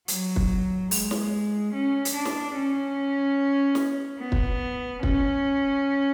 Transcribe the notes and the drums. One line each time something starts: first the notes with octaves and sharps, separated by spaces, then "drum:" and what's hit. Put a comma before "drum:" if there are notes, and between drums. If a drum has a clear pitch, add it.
F#3, drum: hi-hat
drum: kick
G#3, drum: open hi-hat
drum: snare
C#4
drum: hi-hat
D4
drum: snare
C#4
drum: snare
B3
drum: kick
C#4, drum: kick